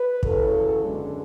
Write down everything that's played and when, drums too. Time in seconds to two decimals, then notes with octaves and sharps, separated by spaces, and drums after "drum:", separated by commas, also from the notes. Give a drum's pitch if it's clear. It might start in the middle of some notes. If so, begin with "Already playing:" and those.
Already playing: B4
0.23 E2 C#3 F#3 A4, drum: kick
0.82 F#2 D3 G#3